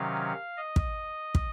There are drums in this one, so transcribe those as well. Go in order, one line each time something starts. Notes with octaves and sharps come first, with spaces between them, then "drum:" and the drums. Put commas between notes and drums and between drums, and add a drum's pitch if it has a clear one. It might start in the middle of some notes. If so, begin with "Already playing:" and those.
Already playing: C3 D#3 F#3 C#4 F5
D#5
drum: kick
drum: kick